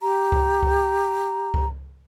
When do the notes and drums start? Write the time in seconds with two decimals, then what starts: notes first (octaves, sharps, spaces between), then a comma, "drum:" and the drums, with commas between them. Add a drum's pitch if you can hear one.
0.02 G4 A#5
0.32 drum: kick C#2
0.63 drum: kick C#2
1.54 drum: kick C#2